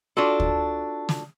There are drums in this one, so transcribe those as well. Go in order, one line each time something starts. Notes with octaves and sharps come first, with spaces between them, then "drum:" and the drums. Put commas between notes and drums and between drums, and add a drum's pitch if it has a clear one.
D4 F4 F#4 A4
drum: kick
drum: snare